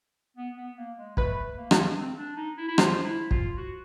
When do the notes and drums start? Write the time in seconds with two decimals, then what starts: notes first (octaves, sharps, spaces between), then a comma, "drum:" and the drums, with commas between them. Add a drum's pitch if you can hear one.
0.37 B3
0.58 B3
0.77 A#3
0.98 G#3
1.17 A3 B4, drum: kick
1.58 A#3
1.71 drum: rim click
1.98 C4
2.18 D4
2.37 D#4
2.57 E4
2.68 E4
2.78 F4 C5, drum: rim click
3.04 E4
3.31 F4, drum: kick
3.57 F#4